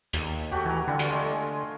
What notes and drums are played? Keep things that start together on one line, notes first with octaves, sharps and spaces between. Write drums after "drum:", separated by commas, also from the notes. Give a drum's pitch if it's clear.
D#2, drum: hi-hat
A3 F#4 G4
E3 G#5 A#5
D3 G3 F4
drum: hi-hat
G#3 A3